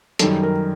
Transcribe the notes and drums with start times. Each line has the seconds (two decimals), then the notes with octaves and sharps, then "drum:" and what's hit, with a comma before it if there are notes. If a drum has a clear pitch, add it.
0.19 F#2 D#3 G3 A4, drum: hi-hat
0.43 A#4